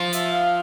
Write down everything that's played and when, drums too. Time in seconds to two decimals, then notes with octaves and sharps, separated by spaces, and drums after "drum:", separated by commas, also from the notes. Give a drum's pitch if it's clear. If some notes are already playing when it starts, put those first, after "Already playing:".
Already playing: F3
0.13 E5, drum: hi-hat
0.33 F5